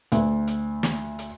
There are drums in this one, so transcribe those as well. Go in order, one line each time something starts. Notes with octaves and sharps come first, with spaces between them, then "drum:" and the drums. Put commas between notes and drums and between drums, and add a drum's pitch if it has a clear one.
D2, drum: hi-hat
drum: hi-hat
drum: snare
drum: hi-hat